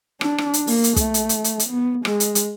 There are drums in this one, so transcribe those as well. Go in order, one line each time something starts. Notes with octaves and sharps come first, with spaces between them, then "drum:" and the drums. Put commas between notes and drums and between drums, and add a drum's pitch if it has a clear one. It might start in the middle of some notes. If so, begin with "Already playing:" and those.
D4, drum: rim click
drum: rim click
drum: hi-hat
A#3, drum: open hi-hat
drum: hi-hat
A3, drum: kick, hi-hat
drum: hi-hat
drum: hi-hat
drum: hi-hat
drum: hi-hat
B3
G#3, drum: rim click
drum: hi-hat
drum: hi-hat